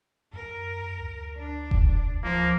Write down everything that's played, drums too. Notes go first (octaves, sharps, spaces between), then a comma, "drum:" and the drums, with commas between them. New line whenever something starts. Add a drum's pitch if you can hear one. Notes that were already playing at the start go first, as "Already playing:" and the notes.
F#2 A#4
D2
D4
drum: kick E1
F3 A#3